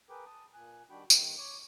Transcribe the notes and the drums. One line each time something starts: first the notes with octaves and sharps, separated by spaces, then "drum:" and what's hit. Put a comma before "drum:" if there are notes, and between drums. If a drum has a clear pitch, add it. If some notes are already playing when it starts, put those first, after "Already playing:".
G#4 A#4 B4 G5 D6
A5 D#6
A#2 G#5 F#6
D#3 G3 D4 F#4 G5 B5
G2 D#3, drum: tambourine
C#5 D6